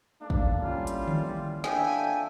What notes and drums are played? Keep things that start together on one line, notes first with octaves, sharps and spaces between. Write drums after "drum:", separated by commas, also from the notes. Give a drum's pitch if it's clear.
A#3 D4 A4
drum: kick
G3 C#4 E4 F4
drum: hi-hat
drum: tom D3
C4 D4 F4 A4 E5 G5 G#5, drum: snare